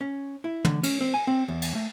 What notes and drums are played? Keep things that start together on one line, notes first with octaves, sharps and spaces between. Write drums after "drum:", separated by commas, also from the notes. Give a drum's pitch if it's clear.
C#4
E4
D3, drum: tom
C#4, drum: cymbal
C4
G#5
C4
E2
drum: cymbal
A3